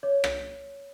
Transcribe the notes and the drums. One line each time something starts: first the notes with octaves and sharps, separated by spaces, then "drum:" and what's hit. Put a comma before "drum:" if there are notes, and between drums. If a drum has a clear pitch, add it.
C#5
drum: rim click